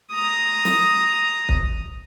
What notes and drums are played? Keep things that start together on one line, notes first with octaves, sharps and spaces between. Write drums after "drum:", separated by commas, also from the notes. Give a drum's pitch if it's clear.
A#5 D#6
drum: snare
drum: kick